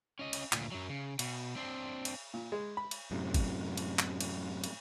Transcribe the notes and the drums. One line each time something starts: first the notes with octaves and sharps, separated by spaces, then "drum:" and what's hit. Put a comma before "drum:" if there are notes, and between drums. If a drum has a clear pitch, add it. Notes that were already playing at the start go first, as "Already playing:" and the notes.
C#4 D#5
drum: cymbal
D2 A#2, drum: clap
F#2 F#3
C#3
B2, drum: cymbal
C4 D4
drum: cymbal
A#2
G#3
B5
drum: cymbal
F#2 A2 C3
drum: kick, cymbal
drum: cymbal
drum: clap
drum: cymbal
drum: cymbal